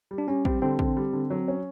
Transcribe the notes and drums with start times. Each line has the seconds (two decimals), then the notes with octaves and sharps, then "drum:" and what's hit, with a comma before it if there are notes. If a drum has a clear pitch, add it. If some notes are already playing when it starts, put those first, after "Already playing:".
0.11 G3
0.18 D4
0.27 G3 C#4
0.45 G3 C4, drum: kick
0.62 D3 C4
0.79 D3, drum: kick
0.97 G3
1.13 D3
1.30 F#3
1.48 C#4